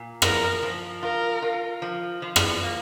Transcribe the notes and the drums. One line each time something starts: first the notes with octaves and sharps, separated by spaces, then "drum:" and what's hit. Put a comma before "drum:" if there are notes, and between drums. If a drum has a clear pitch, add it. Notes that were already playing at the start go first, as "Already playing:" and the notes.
Already playing: A#2
F3 A#4, drum: rim click
F3
F4 A#4
F4
F3
F3
drum: rim click
A#3